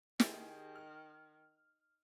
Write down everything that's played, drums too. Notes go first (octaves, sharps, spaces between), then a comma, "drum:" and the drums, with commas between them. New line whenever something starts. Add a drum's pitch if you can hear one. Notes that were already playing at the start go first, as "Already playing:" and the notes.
D#3 G4 G#4, drum: snare
F6